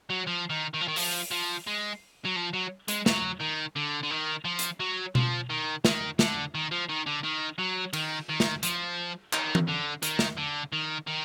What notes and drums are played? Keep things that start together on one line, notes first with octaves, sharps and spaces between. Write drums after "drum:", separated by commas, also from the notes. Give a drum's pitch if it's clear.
F#3
F3
D#3
D#3
F3
D#3
F3, drum: open hi-hat
F3
G#3
F#3
F3
F#3
G#3, drum: hi-hat
F#3, drum: snare
D#3
D3
D3
D#3
F3
drum: hi-hat
F#3
F3, drum: tom B2
D#3
D#3, drum: snare
D3, drum: snare
D#3
F3
D#3
D3
D#3
F#3
D#3, drum: cymbal
D#3
drum: snare
F3, drum: hi-hat
D#3, drum: clap
drum: tom E3
D3
D#3, drum: hi-hat
drum: snare
D3
D#3
D#3